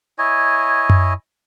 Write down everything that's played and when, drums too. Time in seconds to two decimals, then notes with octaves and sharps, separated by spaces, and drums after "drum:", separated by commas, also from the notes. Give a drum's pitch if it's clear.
0.18 E4 C#5 D#5 G#5
0.90 drum: tom F#2